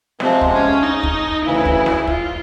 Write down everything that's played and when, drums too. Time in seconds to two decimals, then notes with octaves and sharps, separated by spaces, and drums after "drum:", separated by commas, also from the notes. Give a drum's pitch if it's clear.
0.20 C3 F3 G#3 C4, drum: snare
0.41 drum: kick
0.52 C#4
0.82 D#4
1.03 drum: kick
1.44 D2 C#3 E3 E4
1.65 drum: kick
1.86 drum: snare
2.07 F4, drum: kick